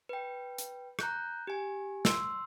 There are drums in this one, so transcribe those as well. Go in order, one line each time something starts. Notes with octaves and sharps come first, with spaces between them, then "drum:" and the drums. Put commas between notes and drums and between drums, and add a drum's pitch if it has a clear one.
B4 G5
drum: hi-hat
A#5 F#6 G6, drum: rim click
G4 G#5
C6 E6, drum: snare